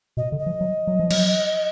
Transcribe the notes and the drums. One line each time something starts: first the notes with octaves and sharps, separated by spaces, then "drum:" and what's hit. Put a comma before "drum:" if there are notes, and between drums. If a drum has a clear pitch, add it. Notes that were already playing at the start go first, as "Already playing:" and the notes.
B2 D#5
D3
D#5
F3
F#3
F#3
F3
F#3, drum: cymbal